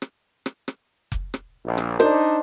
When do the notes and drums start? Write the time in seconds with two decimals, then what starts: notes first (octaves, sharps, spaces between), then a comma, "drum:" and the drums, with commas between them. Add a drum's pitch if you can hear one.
0.02 drum: rim click
0.46 drum: rim click
0.68 drum: rim click
1.12 drum: kick F1
1.34 drum: rim click
1.64 A#1
1.78 drum: rim click
2.00 D4 D#4 C5 D5, drum: rim click